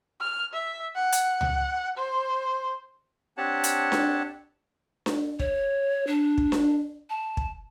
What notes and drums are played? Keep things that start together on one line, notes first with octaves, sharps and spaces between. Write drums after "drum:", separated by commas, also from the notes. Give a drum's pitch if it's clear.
F6
E5
F#5
drum: hi-hat
drum: tom C#2
C5
C4 D4 G4 C#5 F#5 A5
drum: hi-hat
drum: snare D4
drum: snare D4
C#5, drum: kick
D4
drum: kick
drum: snare D4
A5
drum: kick